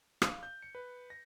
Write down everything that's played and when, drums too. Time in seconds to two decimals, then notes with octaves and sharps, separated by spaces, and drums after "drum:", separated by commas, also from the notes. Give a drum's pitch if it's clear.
0.22 F5, drum: rim click
0.43 G6
0.62 C#7
0.75 B4
1.10 A#6